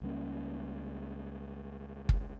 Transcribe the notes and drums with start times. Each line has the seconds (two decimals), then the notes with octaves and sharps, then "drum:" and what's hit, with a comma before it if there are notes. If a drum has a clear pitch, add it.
0.02 C#2 G3 A#3 C#4
2.09 drum: kick